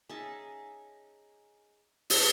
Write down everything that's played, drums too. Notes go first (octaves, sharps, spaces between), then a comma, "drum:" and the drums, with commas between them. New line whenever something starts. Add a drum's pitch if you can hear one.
C#4 D#4 G#4 E5 A5
drum: open hi-hat